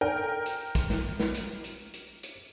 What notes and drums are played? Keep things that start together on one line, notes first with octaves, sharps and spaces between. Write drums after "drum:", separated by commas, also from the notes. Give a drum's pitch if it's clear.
A#4 G5
drum: hi-hat
drum: kick, hi-hat
drum: snare
drum: snare
drum: hi-hat
drum: hi-hat
drum: hi-hat
drum: hi-hat